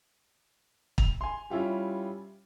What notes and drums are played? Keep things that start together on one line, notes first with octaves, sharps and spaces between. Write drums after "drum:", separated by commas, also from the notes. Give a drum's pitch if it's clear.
F7, drum: kick
G#5 C6
G3 C#4 E4 F4 G4